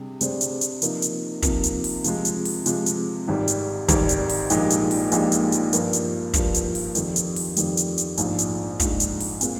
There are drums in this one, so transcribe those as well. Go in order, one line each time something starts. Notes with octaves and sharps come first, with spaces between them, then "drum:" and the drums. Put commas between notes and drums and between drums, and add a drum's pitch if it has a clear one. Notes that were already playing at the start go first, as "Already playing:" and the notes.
Already playing: C3 G3 D4 G#4
C3 G3 D4 G#4 C5, drum: hi-hat
drum: hi-hat
drum: hi-hat
C3 F3 A#3 D#4, drum: hi-hat
drum: hi-hat
C3 F3 A#3 D#4, drum: kick, hi-hat
drum: hi-hat
drum: open hi-hat
C3 F3 G#3, drum: hi-hat
drum: hi-hat
drum: open hi-hat
C3 F3 G#3, drum: hi-hat
drum: hi-hat
G#1 G#2 G3
drum: hi-hat
G#1 G#2 G3, drum: kick, hi-hat
drum: hi-hat
drum: open hi-hat
A#1 A#2 G#3 D#4 G4, drum: hi-hat
drum: hi-hat
drum: open hi-hat
A#1 A#2 G#3 D#4 G4, drum: hi-hat
drum: hi-hat
drum: hi-hat
G2 F3 A#3, drum: hi-hat
drum: hi-hat
G2 F3 A#3, drum: kick, hi-hat
drum: hi-hat
drum: open hi-hat
F2 D#3 G3, drum: hi-hat
drum: hi-hat
drum: open hi-hat
F2 D#3 G3, drum: hi-hat
drum: hi-hat
drum: hi-hat
A#1 G#2 F3 G#3 D4, drum: hi-hat
drum: hi-hat
A#1 G#2 F3 G#3 D4, drum: kick, hi-hat
drum: hi-hat
drum: open hi-hat
A#2 G#3 C4, drum: hi-hat